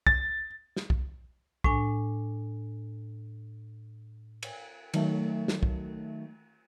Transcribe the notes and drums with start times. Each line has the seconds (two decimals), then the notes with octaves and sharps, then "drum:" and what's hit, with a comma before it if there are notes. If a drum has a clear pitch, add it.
0.07 A6, drum: kick B1
0.77 drum: snare
0.90 drum: kick B1
1.64 A2 D4 G#5, drum: kick B1
4.43 drum: cymbal
4.94 D#3 F#3 A3, drum: cymbal
5.48 drum: snare
5.63 drum: kick B1